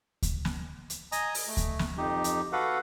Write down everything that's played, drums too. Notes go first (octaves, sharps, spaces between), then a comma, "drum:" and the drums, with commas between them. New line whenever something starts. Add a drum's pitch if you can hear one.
drum: kick D2, hi-hat
drum: snare
drum: hi-hat
D#5 G#5 A#5 D#6, drum: hi-hat
drum: open hi-hat
A3
drum: kick D2, hi-hat
drum: snare
F2 D#4 G4
drum: hi-hat
F#4 A4 B4 F5 F#5